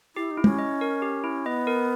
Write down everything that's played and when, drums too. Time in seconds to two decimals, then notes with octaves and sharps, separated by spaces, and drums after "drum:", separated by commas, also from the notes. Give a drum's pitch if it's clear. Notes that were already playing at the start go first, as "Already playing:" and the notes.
0.16 E4 G4
0.31 D#4
0.37 E4
0.44 C#4, drum: tom
0.58 D#5
0.81 A#4
1.02 G4
1.24 E4
1.46 B3 D#5
1.67 A#4